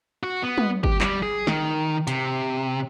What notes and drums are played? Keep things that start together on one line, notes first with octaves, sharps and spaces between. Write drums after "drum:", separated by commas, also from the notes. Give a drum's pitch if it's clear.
F#4
B3
drum: tom
G4, drum: kick G1
G3, drum: clap
G#4
D#3, drum: snare
C3, drum: hi-hat